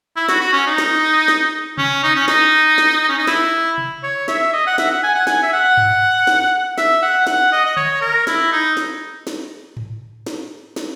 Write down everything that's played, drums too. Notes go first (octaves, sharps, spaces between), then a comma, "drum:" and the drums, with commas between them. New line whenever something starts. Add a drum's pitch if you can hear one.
E4
F#4, drum: snare
F#4
C#4
D#4
drum: snare
drum: snare
C#4, drum: tom C3
D#4
C#4
D#4, drum: snare
drum: snare
C#4
D#4
E4, drum: snare
drum: tom C3
C#5
E5, drum: snare
D#5
F#5
E5, drum: snare
F#5
G#5
F#5
G#5, drum: snare
E5
F#5
drum: tom G2
drum: snare
E5, drum: snare
F#5
F#5, drum: snare
D#5
D#5
C#5, drum: tom
A#4
E4, drum: snare
D#4
drum: snare
drum: snare
drum: tom G#2
drum: snare
drum: snare